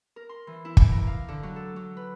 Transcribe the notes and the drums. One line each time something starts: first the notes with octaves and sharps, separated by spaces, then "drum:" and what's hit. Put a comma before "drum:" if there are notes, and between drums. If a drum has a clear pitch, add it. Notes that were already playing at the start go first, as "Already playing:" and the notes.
A#4
C6
E3
E4
D6, drum: kick
A#5
F5
D3
F#3
A4
F#3
B4